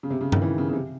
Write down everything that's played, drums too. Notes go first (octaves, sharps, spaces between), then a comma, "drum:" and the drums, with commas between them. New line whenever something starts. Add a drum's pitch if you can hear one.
C#3
C3
C#3
D#3, drum: tom G2
E3
C#3
C#3
C3